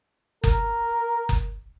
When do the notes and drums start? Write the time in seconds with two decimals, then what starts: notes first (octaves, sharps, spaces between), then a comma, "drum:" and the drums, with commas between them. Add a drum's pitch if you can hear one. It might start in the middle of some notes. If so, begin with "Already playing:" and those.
0.44 A#4, drum: kick F#1
1.29 drum: kick F#1